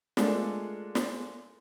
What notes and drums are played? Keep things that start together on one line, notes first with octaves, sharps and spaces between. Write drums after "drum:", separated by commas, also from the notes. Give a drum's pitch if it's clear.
G#3 A3 D4 F4 A4 A#4, drum: snare
drum: snare